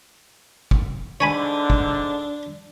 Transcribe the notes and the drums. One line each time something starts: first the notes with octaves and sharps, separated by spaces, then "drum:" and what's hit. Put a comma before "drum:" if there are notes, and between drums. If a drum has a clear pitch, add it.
drum: kick
G#2 D3 D4 C#5 G#5 B5
drum: kick